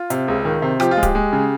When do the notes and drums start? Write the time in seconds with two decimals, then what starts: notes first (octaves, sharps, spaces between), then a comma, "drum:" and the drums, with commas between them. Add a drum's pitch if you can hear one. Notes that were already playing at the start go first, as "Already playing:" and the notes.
Already playing: F4
0.10 C3, drum: hi-hat
0.28 C#2
0.45 D#3
0.62 C3
0.80 F3 G4, drum: rim click
0.91 F4
0.97 G#3
1.03 G4, drum: kick D1, hi-hat
1.15 G#3
1.33 C#3